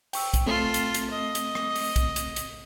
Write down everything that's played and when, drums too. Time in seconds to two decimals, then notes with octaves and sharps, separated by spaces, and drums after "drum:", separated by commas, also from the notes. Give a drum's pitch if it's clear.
0.13 G5 C#6 E6, drum: open hi-hat
0.34 drum: kick B1, hi-hat
0.46 A3 C4 F4 A4
0.74 drum: hi-hat
0.94 drum: hi-hat
1.10 D#5
1.35 drum: hi-hat
1.55 drum: rim click
1.76 drum: open hi-hat
1.96 drum: kick B1, hi-hat
2.16 drum: hi-hat
2.36 drum: hi-hat